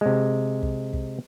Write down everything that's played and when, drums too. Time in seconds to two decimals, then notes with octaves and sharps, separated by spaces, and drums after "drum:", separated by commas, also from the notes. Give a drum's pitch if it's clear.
0.01 C3 G#3
0.63 drum: kick
0.93 drum: kick